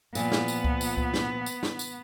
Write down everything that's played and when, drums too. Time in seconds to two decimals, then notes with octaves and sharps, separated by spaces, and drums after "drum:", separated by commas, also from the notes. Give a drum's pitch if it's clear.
0.15 A#2 F3 B3, drum: tambourine
0.32 drum: snare
0.48 drum: tambourine
0.64 drum: kick C#2
0.81 drum: tambourine
0.97 drum: kick C#2
1.14 drum: snare
1.46 drum: tambourine
1.63 drum: snare
1.79 drum: tambourine